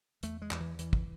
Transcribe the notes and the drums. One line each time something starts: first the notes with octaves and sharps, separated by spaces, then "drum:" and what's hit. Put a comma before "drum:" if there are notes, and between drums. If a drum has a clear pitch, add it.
E2 A3, drum: hi-hat
G#3
E2, drum: clap
E3
E2 E3, drum: hi-hat
drum: kick